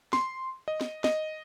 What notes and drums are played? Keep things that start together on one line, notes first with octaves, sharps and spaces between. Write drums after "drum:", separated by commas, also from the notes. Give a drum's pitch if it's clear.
C6, drum: snare
D#5
drum: snare
D#5, drum: snare